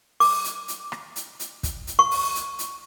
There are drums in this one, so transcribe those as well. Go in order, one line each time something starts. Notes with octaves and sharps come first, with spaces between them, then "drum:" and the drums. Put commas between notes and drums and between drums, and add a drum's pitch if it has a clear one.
D6, drum: open hi-hat
drum: hi-hat
drum: hi-hat
drum: rim click
drum: hi-hat
drum: hi-hat
drum: kick, hi-hat
drum: hi-hat
C#6
drum: open hi-hat
drum: hi-hat
drum: hi-hat